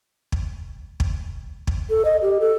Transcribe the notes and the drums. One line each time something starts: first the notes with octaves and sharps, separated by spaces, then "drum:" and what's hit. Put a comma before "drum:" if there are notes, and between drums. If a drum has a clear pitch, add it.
drum: kick
drum: kick
drum: kick
A4
D#5
G4
A4